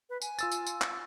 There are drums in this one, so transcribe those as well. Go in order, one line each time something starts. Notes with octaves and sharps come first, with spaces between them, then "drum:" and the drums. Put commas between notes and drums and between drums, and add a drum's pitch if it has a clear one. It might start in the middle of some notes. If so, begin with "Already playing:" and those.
B4
G#5, drum: tambourine
F4 E6 A6, drum: tambourine
drum: tambourine
drum: tambourine
drum: clap